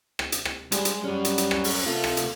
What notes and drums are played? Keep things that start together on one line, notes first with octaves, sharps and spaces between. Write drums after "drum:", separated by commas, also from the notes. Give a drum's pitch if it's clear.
drum: rim click
drum: hi-hat
drum: rim click
G3 G#3 G#4, drum: hi-hat
drum: hi-hat
F#3 G3 C#4
drum: hi-hat
drum: hi-hat
drum: rim click
drum: open hi-hat
C3 A3 F4
drum: rim click
drum: hi-hat